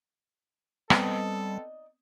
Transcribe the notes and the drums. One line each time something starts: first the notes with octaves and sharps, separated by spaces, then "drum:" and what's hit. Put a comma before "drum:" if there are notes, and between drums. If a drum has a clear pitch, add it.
G3 B3 C4 D#4 A4 D5 D#5, drum: rim click